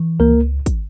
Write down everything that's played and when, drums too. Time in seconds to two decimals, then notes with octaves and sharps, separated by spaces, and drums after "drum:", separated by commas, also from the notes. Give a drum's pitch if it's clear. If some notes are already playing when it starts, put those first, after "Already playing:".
Already playing: E3
0.20 C#2 A#3 A#4
0.66 drum: kick, hi-hat